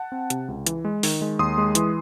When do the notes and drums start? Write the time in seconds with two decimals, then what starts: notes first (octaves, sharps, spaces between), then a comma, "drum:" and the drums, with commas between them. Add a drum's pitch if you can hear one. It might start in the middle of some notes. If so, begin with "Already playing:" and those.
Already playing: F#5 A5
0.12 C4
0.30 C3, drum: hi-hat
0.48 C#2
0.67 E3, drum: hi-hat
0.85 G#3
1.03 D#3, drum: open hi-hat
1.22 G#3
1.39 D#2 C6 D#6
1.58 G#3
1.75 E3, drum: hi-hat